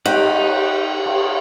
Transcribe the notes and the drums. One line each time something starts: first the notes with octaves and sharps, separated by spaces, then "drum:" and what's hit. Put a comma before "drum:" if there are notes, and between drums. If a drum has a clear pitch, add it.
D#4 G4 F#5, drum: cymbal
drum: cymbal